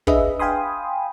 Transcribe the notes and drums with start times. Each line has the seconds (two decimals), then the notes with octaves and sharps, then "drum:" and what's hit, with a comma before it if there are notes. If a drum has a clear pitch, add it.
0.07 D4 G#4 B4 D#5 E5, drum: kick
0.39 F5 G5 G#5 B5 C6 D#6